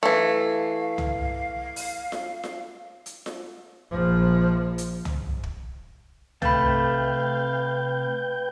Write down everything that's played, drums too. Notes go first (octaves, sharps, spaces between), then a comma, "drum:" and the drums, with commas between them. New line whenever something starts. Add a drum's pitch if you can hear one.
E3 A3 F5
drum: tom
drum: open hi-hat
drum: snare F4
drum: snare F4
drum: hi-hat
drum: snare F4
A#1 F3
drum: hi-hat
drum: tom
drum: kick
C3 A3 B4 F5 G5 B5 G6 A6, drum: tom